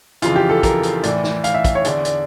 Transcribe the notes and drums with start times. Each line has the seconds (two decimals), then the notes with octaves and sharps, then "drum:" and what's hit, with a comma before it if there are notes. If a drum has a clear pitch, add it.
0.22 F2 C#3 E3 F4, drum: hi-hat
0.36 G4
0.50 A4
0.63 A#4, drum: kick, hi-hat
0.83 drum: hi-hat
1.03 A2 E3 D5, drum: hi-hat
1.24 drum: snare
1.44 F5, drum: hi-hat
1.54 E5
1.65 drum: kick, hi-hat
1.75 C#5
1.84 E2 D3 D5, drum: hi-hat
2.05 D5, drum: hi-hat